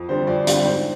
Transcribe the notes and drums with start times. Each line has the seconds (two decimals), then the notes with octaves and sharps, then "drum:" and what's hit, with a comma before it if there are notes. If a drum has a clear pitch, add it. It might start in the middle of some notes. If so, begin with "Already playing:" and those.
Already playing: F2
0.09 D3 G3 C4 C5
0.27 F2 D5
0.47 D3 G3 C4, drum: hi-hat
0.66 G#2 C5